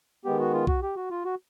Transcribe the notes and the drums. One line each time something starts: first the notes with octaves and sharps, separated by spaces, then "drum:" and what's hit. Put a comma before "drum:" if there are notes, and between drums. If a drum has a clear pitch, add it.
D#3 G#3 B3 G4
F#4
F4
F#4, drum: kick B1
G4
F#4
F4
F#4